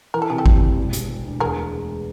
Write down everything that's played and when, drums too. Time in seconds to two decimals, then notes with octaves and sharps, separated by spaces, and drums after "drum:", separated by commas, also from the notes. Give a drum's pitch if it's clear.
0.14 E3 A#4
0.22 A4
0.30 C3 G#4
0.38 G4 A4
0.46 G3, drum: kick G#1
0.62 G3
0.77 E1
0.93 E1, drum: hi-hat
1.09 E1
1.25 D2
1.40 E2 G#4 A#4
1.57 G#3